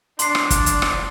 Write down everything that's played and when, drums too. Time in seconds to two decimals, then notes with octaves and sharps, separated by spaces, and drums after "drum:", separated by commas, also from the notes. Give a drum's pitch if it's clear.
0.19 D4 C6 C7, drum: hi-hat
0.35 drum: rim click
0.50 drum: kick, hi-hat
0.66 drum: hi-hat
0.82 drum: rim click